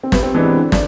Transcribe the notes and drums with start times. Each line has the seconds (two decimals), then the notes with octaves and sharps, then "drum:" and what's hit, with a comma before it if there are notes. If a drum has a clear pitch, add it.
0.03 C4
0.12 C3 B3, drum: snare
0.23 C4
0.35 E3 G#3 B3 D4 E4
0.46 D4
0.56 D3
0.72 D4, drum: snare